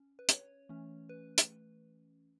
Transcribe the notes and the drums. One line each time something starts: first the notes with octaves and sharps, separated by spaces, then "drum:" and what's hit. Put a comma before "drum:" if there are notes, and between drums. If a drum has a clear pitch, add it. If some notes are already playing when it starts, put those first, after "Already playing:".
Already playing: C#4
B4
C#5, drum: hi-hat
E3 A3 C#4
B4
drum: hi-hat